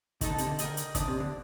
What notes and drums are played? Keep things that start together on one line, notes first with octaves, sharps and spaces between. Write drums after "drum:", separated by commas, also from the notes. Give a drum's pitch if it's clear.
D#3 D#4 A4 D#5 A5, drum: kick, hi-hat
D3
C3, drum: hi-hat
D3
A#4 D#5 G5, drum: hi-hat
drum: hi-hat
D3 D5 A5 D#6, drum: kick, hi-hat
C3
D3